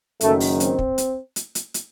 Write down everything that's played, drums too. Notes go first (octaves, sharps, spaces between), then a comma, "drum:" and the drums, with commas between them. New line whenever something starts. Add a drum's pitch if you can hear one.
F#1 F#2 D#3 A3, drum: hi-hat
drum: open hi-hat
C4, drum: hi-hat
drum: kick
drum: hi-hat
drum: hi-hat
drum: hi-hat
drum: hi-hat